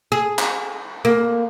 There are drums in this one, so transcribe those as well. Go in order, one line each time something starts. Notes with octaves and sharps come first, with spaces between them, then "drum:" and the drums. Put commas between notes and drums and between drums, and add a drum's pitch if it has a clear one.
G#4
drum: clap
A#3